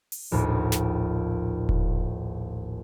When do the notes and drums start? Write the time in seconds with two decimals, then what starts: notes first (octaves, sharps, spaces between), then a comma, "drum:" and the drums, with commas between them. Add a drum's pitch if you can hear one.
0.12 drum: open hi-hat
0.32 D#1 A#1 D#2 A2
0.72 drum: snare
1.69 drum: kick E1